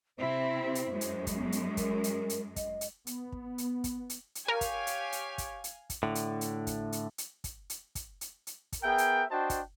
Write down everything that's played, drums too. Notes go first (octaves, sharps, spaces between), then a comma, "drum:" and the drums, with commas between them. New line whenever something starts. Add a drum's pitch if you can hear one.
C3 C4 E4 C5
drum: hi-hat
F#2 G#3
drum: hi-hat
drum: kick, hi-hat
B3
drum: hi-hat
A#4, drum: kick, hi-hat
drum: hi-hat
drum: hi-hat
D#5, drum: kick, hi-hat
drum: hi-hat
B3, drum: hi-hat
drum: kick
drum: hi-hat
drum: kick, hi-hat
drum: hi-hat
drum: hi-hat
G4 A#4 C#5 F5 G#5
drum: kick, hi-hat
drum: hi-hat
drum: hi-hat
drum: kick, hi-hat
drum: hi-hat
drum: kick, hi-hat
A2 D3
drum: hi-hat
drum: hi-hat
drum: kick, hi-hat
drum: hi-hat
drum: hi-hat
drum: kick, hi-hat
drum: hi-hat
drum: kick, hi-hat
drum: hi-hat
drum: hi-hat
drum: kick, hi-hat
B3 G#4 A#4 E5 G5
drum: hi-hat
D4 F#4 C5 D#5 G5 A5
drum: kick, hi-hat